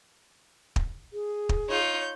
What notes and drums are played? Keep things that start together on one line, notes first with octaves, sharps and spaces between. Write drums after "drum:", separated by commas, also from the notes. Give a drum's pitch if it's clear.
drum: kick
G#4
drum: kick
D#4 F4 C#5 G6